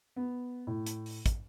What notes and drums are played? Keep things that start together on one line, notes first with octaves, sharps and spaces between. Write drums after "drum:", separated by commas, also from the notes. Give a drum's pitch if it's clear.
B3
A2
drum: hi-hat
drum: open hi-hat
drum: kick, hi-hat